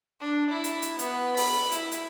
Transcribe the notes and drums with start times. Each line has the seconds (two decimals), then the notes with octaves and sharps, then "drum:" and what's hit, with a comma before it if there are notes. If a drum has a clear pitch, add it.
0.21 D4
0.51 E4
0.64 drum: hi-hat
0.82 drum: hi-hat
0.99 B3, drum: hi-hat
1.37 B5, drum: open hi-hat
1.72 E4, drum: hi-hat
1.92 drum: hi-hat